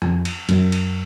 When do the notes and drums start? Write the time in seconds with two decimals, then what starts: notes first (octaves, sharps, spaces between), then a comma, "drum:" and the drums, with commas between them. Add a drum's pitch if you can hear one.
0.02 F2, drum: rim click
0.25 drum: cymbal
0.49 F#2, drum: cymbal
0.72 drum: cymbal